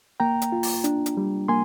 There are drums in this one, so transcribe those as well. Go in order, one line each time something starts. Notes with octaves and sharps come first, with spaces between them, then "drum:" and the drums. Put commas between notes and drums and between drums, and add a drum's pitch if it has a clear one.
A#3 G5 A#5
drum: hi-hat
F4
drum: open hi-hat
D4, drum: hi-hat
drum: hi-hat
G3
A#3 G#5 C6